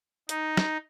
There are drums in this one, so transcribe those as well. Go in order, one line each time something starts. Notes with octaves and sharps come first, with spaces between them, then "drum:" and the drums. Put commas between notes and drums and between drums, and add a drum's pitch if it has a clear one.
D#4, drum: hi-hat
drum: snare